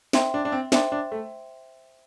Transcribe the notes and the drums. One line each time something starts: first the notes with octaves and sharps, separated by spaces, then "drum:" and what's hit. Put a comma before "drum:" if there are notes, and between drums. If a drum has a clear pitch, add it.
C4 C5 E5 G5 C6, drum: snare
D4
D4
C4
D4 C5 E5 G5 C6, drum: snare
D4
A3